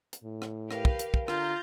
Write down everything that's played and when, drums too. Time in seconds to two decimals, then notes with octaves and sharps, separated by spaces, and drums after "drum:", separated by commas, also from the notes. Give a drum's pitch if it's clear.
0.13 drum: hi-hat
0.24 A2
0.42 drum: rim click
0.71 G4 A#4 B4 F5, drum: rim click
0.85 drum: kick
0.99 drum: hi-hat
1.14 drum: kick
1.28 D3 F4 A#5 G6 A6, drum: rim click